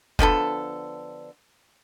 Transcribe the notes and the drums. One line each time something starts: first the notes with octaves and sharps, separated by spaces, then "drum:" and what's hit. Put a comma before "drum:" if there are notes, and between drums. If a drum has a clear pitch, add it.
D3 F3 B3 A4, drum: kick F1